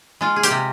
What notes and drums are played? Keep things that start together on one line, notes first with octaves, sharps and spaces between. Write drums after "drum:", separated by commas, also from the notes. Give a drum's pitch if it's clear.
G#3 F4
G#4
G4, drum: hi-hat
C3